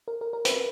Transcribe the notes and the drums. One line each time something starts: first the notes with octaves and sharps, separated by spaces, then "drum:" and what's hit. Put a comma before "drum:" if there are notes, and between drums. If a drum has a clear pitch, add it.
A#4
A#4
A#4
B4, drum: hi-hat